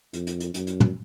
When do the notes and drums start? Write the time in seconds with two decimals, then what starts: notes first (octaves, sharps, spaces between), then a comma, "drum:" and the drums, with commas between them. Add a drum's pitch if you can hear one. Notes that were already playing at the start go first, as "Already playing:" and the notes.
0.13 F2, drum: hi-hat
0.27 drum: hi-hat
0.40 drum: hi-hat
0.54 F#2, drum: hi-hat
0.67 drum: hi-hat
0.80 drum: tom